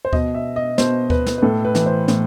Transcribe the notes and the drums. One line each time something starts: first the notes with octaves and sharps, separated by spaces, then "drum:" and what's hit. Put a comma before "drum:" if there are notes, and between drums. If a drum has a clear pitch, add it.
C5
B2 D#5, drum: kick D2
E5
D#5
B2 C5, drum: snare
B4, drum: kick D2
drum: snare
B4
A2 A4
B4
E3, drum: snare
C5
A2, drum: snare